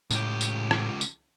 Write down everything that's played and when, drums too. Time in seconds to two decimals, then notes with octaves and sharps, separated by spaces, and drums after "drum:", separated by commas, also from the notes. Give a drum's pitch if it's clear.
0.11 C#2 A2 G4, drum: tambourine
0.41 drum: tambourine
0.71 drum: rim click
1.01 drum: tambourine